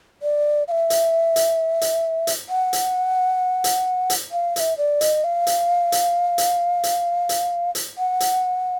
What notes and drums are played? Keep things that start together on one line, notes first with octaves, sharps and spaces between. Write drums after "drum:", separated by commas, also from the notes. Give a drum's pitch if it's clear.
D5
F5
E5
drum: hi-hat
drum: hi-hat
drum: hi-hat
drum: hi-hat
F#5
drum: hi-hat
drum: hi-hat
drum: hi-hat
F5
F5, drum: hi-hat
E5
D5
D#5, drum: hi-hat
F5
drum: hi-hat
drum: hi-hat
drum: hi-hat
drum: hi-hat
drum: hi-hat
drum: hi-hat
F#5
drum: hi-hat